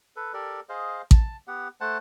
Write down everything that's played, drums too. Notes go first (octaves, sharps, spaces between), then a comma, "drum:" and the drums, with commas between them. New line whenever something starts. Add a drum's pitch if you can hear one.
A4 B4
G4 A4 A#4 D5
G#4 C5 D#5 F5
A5, drum: kick A1
B3 G4 F#5
A3 C5 F#5 A5